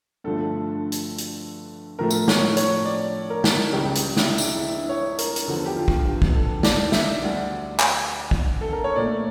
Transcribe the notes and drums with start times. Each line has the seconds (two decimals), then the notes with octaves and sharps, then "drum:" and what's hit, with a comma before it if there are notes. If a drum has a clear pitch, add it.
0.24 G2 D3 F3 A3 A4
0.92 drum: hi-hat
1.18 drum: hi-hat
1.99 A2 F3 A3 A#4
2.11 drum: tambourine
2.28 C#5, drum: snare
2.57 C#5, drum: hi-hat
2.85 D5
3.30 A#4
3.44 drum: snare
3.73 C#2 C#3 G3 G4
3.95 G4, drum: hi-hat
4.17 E4, drum: snare
4.38 D4, drum: tambourine
4.60 E4
4.89 C#5
5.18 A#4, drum: hi-hat
5.36 drum: hi-hat
5.48 E2 D3 F3 A4
5.66 G4
5.76 F4
5.88 drum: kick
6.05 G4
6.22 drum: kick
6.35 A4
6.63 D5, drum: snare
6.92 E5, drum: snare
7.22 D2 D3 G3 D5
7.80 drum: clap
8.31 drum: kick
8.61 A4
8.73 A#4
8.84 C#5
8.96 A#2 A3 D5